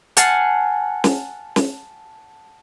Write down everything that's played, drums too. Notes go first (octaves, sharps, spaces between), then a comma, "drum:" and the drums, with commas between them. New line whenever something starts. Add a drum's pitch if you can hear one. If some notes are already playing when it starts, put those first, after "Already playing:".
F#5 G#5 A5 F6 A6 C7, drum: hi-hat
drum: snare
drum: snare